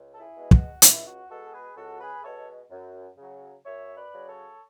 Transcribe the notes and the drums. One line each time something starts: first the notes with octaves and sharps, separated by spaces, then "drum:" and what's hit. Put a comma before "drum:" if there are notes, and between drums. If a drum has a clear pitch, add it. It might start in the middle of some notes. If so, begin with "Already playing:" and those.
Already playing: C#2
A4
E4 G#4
B2 G#3 B3
F#4, drum: kick
C#2 E4, drum: hi-hat
F#4
B2 G#3 B3 F#4 A4
G#4 B4
C#2 F#4 A4
G#4 B4
B2 G#3 B3 A4 C#5
F#2
C#3 F#3
F#2 C#5 E5
B4 D5
C#3 F#3
A4 C#5